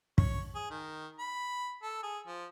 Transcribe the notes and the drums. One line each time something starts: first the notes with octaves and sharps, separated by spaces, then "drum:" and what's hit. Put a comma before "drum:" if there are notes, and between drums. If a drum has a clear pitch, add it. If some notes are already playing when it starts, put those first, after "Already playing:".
C#5, drum: kick
G#4
D#3
B5
A4
G#4
F3